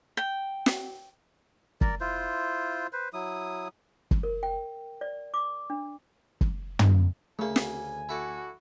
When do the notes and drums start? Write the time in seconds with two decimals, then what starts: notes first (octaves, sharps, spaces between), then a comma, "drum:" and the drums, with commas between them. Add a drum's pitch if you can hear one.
0.17 G5
0.66 drum: snare
1.81 A#4 D5, drum: kick
2.01 E4 F4 C5
2.93 B4 C5
3.13 F#3 E4 D#6
4.11 drum: kick
4.23 A#4
4.43 G5
5.01 D5
5.34 D6
5.70 D4
6.41 drum: kick
6.79 drum: tom
7.39 D2 C#3 A3 A#3 G#4 G#5
7.56 drum: snare
8.09 E4 F#4 A4 D5